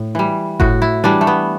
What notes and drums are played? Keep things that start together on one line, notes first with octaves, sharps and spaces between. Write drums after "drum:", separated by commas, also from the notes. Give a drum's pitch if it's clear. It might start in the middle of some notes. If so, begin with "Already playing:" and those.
Already playing: A2
E3 G3
A2 F#4, drum: kick G1
E4
E3 G3 D4
A3
B3